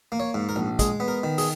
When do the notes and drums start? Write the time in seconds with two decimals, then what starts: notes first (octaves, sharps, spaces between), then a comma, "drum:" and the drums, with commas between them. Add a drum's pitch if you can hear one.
0.12 A#3
0.20 C#5
0.34 G#2
0.49 A#4
0.56 A#1
0.79 G#3 G#4, drum: kick, hi-hat
1.00 B3
1.08 A#4
1.23 D#3
1.38 G#4, drum: open hi-hat